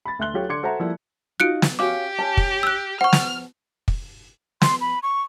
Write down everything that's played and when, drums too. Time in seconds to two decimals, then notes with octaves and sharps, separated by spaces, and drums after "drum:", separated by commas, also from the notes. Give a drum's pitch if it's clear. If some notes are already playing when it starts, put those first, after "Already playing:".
0.05 B5 A6
0.19 D2 E5 C6 F#6 G7
0.34 F#3 A3 F4 G4 C#5
0.49 D3 D4 C6 D6 G#6 C#7
0.63 F#4 A4 C5 E5 F#5 A#5
0.80 F3 G3 A#3 E4
1.40 D#4 F4 F#4 F#6 C#7 D7
1.62 drum: snare
1.79 C#4 F#4 G4 F5 D6
2.19 C#4 A5
2.37 drum: kick
2.63 E6 F#6
3.01 C5 F#5 C#6 F6
3.13 drum: snare
3.88 drum: kick
4.62 C6, drum: snare
4.81 B5
5.03 C#6